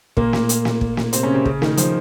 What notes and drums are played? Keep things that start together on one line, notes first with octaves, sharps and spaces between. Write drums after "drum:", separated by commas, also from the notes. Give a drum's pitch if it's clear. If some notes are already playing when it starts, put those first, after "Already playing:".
A#2 A#3, drum: kick
drum: snare
drum: hi-hat
drum: snare
drum: kick
drum: snare
C3 C4, drum: hi-hat
C#3 C#4
C3 C4
C#3, drum: kick
D#3, drum: snare
F3, drum: hi-hat